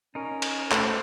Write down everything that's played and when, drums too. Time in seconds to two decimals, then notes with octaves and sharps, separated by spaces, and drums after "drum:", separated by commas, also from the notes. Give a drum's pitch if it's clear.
0.15 C#4 D#4 A#4
0.42 drum: cymbal
0.71 A3 B4 C5, drum: clap